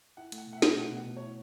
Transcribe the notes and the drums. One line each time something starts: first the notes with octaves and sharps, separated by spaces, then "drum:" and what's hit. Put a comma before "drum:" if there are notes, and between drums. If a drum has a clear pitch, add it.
E4 F#5
A3, drum: hi-hat
F#5
B2
F#5
E5
A3, drum: snare
B2 F#5
B2 F#5
B2
E4 C#5